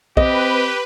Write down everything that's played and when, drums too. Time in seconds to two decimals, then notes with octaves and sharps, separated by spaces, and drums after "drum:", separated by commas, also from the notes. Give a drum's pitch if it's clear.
0.17 C4 G4 B4 D#5, drum: kick